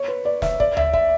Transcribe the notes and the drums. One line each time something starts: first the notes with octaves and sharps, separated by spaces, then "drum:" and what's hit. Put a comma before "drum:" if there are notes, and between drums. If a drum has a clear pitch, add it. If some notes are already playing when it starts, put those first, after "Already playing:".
Already playing: C#5
B4
D5
E5, drum: snare
D5, drum: kick
E5, drum: tom D2
E5, drum: kick